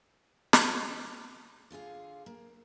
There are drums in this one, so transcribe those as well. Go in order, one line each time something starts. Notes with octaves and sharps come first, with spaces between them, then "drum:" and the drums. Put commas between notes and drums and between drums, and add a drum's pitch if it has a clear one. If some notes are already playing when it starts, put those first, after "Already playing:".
drum: snare
D3 F4 G#4 F5
A#3